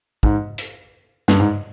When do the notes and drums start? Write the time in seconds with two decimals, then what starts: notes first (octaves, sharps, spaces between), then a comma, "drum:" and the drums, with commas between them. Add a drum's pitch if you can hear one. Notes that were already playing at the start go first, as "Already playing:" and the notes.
0.23 G#2, drum: kick
0.58 drum: hi-hat
1.28 G2, drum: snare
1.40 G#2